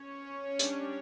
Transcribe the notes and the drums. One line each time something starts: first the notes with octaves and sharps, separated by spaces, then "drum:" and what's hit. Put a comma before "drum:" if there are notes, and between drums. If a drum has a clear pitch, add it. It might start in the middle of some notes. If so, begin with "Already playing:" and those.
Already playing: C#4 C#5
G3 D4, drum: hi-hat